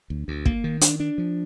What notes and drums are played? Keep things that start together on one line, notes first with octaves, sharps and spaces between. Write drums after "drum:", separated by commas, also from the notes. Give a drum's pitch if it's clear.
D2
D2
A#3, drum: kick
D#3
D4, drum: hi-hat
D4
F3